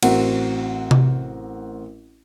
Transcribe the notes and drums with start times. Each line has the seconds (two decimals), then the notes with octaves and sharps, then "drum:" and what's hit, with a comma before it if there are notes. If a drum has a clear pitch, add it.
0.03 A1 C4 F#4 A#4 F#5, drum: cymbal
0.91 drum: tom C3